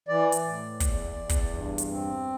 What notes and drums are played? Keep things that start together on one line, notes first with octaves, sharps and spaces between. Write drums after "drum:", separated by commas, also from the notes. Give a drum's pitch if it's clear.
E3 D5
drum: hi-hat
A2
E2, drum: kick, hi-hat
E2
drum: kick, hi-hat
G2
drum: hi-hat
C4